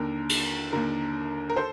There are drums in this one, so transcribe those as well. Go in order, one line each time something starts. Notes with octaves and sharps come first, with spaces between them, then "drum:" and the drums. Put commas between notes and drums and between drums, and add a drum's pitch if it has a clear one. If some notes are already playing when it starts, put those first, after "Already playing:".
Already playing: D#2 D3 A#4
drum: cymbal
D#2 D3 A#4
A#4
A4 C5